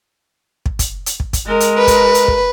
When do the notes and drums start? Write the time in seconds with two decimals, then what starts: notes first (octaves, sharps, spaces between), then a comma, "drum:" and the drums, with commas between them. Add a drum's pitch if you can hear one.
0.66 drum: kick
0.79 drum: kick, hi-hat
1.06 drum: hi-hat
1.20 drum: kick
1.33 drum: kick, hi-hat
1.47 G#3 A#4
1.60 drum: hi-hat
1.78 B4
1.87 drum: kick, hi-hat
2.15 drum: hi-hat
2.28 drum: kick